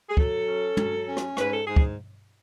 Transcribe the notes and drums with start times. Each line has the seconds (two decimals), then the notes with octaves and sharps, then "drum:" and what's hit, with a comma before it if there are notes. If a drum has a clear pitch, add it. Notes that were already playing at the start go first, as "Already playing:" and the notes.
0.08 G#4
0.17 F#3 A4, drum: kick
0.47 C#4
0.77 F#3, drum: tom
1.07 C#4
1.17 drum: rim click
1.37 G#2 B4, drum: rim click
1.52 A4
1.66 G#2 G#4
1.76 drum: kick